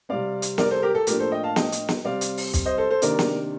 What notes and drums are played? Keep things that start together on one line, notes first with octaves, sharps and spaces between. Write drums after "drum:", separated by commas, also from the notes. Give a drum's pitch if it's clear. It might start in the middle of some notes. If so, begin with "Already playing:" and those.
C3 G3 C4 D5 F5
drum: hi-hat
A#4 D5, drum: snare
A4 C5
G4 A#4
A4
A2 F3 A#3 D4 G4 A#4, drum: hi-hat
A4 C5
D#5 G5
F5 A5
D#5 G5, drum: snare
drum: hi-hat
drum: snare
C3 G3 C4 D5 F5
drum: hi-hat
drum: open hi-hat
drum: kick, hi-hat
C5 D#5
A4 C5
A4 C5
C3 D#3 A#3 D4 A#4 D5, drum: hi-hat
drum: snare